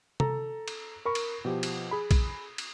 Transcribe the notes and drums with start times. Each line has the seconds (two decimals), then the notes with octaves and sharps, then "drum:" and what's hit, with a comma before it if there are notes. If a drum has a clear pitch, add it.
0.20 A4 A#5, drum: tom C3
0.68 drum: cymbal
1.05 A#4 B5 C#6
1.15 drum: cymbal
1.45 B2 F3 G4
1.63 drum: cymbal
1.91 G#4 B5
2.11 drum: kick A#1, cymbal
2.58 drum: cymbal